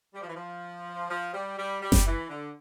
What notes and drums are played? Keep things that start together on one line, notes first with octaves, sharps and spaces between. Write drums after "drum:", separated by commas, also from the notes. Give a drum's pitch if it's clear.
G3
F3
E3
F3
F3
G3
G3
G3
drum: snare F#1
E3
D3